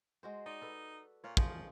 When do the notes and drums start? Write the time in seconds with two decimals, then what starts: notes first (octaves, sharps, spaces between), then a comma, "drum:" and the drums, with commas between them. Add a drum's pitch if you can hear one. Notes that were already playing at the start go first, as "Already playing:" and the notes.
0.23 G#3 F#4 C5
0.46 D#4 D5
0.62 A4 B4
1.24 A#2 C#5 F5
1.37 F3 F4 G#4 A#4, drum: kick